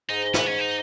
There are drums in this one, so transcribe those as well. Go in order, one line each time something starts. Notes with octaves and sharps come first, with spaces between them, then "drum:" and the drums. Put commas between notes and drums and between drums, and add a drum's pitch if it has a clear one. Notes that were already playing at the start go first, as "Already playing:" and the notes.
G#2 D#4
B3, drum: snare
C#4
D#4